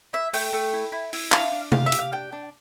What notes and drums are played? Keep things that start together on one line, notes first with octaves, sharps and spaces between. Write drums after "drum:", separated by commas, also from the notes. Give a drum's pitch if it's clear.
E4 E5
A3 G5, drum: open hi-hat
A3
E4
E4
E4, drum: open hi-hat
D4 F5, drum: clap
D4
G4 F5, drum: tom C3
E5
G4, drum: hi-hat
F5
D4 G5
D4